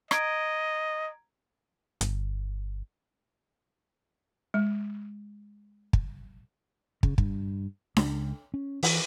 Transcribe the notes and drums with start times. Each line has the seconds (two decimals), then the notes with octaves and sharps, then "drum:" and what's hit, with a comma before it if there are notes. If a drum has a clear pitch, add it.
0.11 D#5 A#5 G#6 D7, drum: rim click
2.01 G1, drum: hi-hat
4.54 G#3
5.93 drum: kick
7.03 C#3, drum: kick
7.18 G2, drum: kick
7.97 C#2, drum: snare D4
8.54 C#4
8.83 E3, drum: open hi-hat